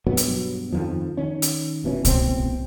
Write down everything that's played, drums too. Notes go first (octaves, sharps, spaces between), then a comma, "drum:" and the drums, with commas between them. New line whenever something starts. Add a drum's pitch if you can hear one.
G2 B2 F#3 B3
drum: hi-hat
F2 D#3 F3
D#3 C#4
drum: hi-hat
F1 B2 E3 C#4
A1 B2 C4, drum: kick C2, hi-hat